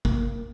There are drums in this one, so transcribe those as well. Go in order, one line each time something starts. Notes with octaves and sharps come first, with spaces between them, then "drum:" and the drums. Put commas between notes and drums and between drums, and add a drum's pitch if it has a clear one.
A#3, drum: kick